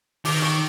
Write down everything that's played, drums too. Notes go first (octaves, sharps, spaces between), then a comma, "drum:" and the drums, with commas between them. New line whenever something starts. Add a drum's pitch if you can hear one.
D#3 D6, drum: open hi-hat
C#6